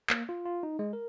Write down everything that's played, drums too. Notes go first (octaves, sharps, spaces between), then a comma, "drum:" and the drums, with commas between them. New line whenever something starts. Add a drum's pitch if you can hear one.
A#3, drum: clap
F4
F4
D#4
G#3
A#4